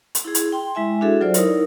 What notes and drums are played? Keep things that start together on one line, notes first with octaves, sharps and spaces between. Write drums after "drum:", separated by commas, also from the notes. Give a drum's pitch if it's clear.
drum: hi-hat
E4 G#4
drum: hi-hat
G5 C6
G#3 E4 E5 G#5
D4 E4 F#4 G#4 A4 E5
F#3 F4 C5 D5
D#4 E4 A#4 C#5, drum: hi-hat